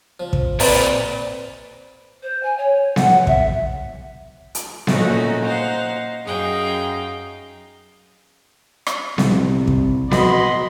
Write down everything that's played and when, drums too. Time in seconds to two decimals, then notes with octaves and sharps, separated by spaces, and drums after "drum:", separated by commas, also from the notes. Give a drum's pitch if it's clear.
0.19 F3
0.33 drum: kick
0.60 A#2 C4 A4 B4 D5, drum: open hi-hat
2.22 C5
2.43 G#5
2.58 C#5
2.96 F#5, drum: snare B3
3.27 E5, drum: kick
4.55 drum: hi-hat
4.87 A#2 A3 C#4 D#4 F#4, drum: snare B3
5.43 D#4 C5 F5 F#5
6.25 F#2 D#4 G#4 F5 G5
8.87 drum: rim click
9.18 C2, drum: snare B3
9.67 drum: kick
10.11 B2 D#5 B5 C6, drum: snare B3